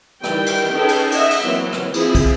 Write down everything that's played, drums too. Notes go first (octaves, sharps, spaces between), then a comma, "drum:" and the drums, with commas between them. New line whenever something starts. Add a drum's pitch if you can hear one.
D#3 E3 G3 G5, drum: rim click
drum: cymbal
C#4 D#4 G#4 A4 B4 G5
drum: cymbal
D#5 E5 F#5, drum: cymbal
drum: cymbal
E3 F#3 A#3 C4
drum: rim click
F3 C4 E4 G#4, drum: cymbal
drum: kick, cymbal